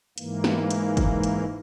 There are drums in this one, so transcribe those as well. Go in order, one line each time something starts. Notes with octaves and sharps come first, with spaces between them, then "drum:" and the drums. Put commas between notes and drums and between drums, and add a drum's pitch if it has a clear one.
G#2 E3 A#3, drum: hi-hat
drum: snare
drum: hi-hat
drum: kick, hi-hat
drum: hi-hat